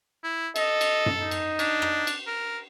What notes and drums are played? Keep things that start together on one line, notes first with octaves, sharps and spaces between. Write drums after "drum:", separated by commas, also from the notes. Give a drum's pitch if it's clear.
E4
A4 D#5, drum: cymbal
drum: cymbal
drum: tom F#2
D#4
drum: cymbal
D4, drum: cymbal
drum: rim click
drum: cymbal
A#4